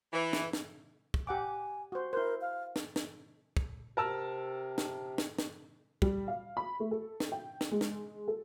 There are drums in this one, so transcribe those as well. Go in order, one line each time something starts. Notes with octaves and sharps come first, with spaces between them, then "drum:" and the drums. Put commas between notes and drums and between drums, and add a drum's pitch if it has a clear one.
E3
drum: snare
drum: snare
drum: kick
G4 F#5 G#5 D6
F#4 C5
E4 A#4 C5
F5
drum: snare
drum: snare
drum: kick
C3 A#4 A5 E6
drum: snare
drum: snare
drum: snare
G3, drum: kick
F5
B5
A3
A4
drum: snare
G5
drum: snare
G#3
drum: snare
A4